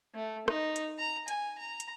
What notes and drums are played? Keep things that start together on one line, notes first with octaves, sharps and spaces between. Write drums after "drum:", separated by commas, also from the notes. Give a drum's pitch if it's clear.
A3
D#4, drum: rim click
drum: hi-hat
A#5
G#5, drum: hi-hat
A#5
drum: hi-hat